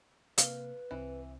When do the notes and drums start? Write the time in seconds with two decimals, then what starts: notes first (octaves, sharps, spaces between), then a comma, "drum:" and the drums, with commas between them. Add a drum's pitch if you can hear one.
0.38 C3 A#3 B4 F5, drum: hi-hat
0.91 C2 E3 C4